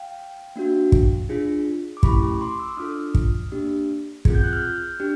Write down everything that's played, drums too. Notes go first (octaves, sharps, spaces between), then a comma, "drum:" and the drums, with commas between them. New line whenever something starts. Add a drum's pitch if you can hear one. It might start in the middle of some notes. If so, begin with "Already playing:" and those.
Already playing: F5 G5
A#3 D4 F#4
drum: kick
D4 F4 G#4
D6
A3 C#4 E4 G4 B5 C#6, drum: kick
C6 D6
D6 E6
D4 F4 A4 D#6 F6
drum: kick
A#3 D4 G4
C4 F4 G#4 G#6, drum: kick
G6
F#6
F6 G6
D4 G4